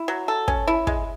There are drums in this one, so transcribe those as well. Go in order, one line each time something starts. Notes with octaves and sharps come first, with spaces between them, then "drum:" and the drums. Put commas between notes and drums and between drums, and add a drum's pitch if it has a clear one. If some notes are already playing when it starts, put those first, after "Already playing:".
Already playing: E4
F#3
A4
C#4, drum: kick
E4
G#3, drum: kick